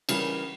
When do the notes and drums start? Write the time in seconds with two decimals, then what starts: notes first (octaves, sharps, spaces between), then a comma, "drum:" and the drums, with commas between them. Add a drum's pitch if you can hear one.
0.09 C#3 E3 G3 A#3, drum: cymbal